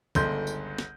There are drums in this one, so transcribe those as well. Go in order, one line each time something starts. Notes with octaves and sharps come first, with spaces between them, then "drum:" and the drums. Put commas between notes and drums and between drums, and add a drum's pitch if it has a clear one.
G1 C#2 D3 C6 G6, drum: kick, tambourine
drum: tambourine
drum: snare